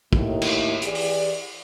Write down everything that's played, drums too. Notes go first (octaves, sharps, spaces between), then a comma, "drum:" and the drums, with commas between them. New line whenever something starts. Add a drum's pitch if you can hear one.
D#2 A2 E4, drum: kick
drum: cymbal
E3 G4 G#4 D5, drum: hi-hat
drum: open hi-hat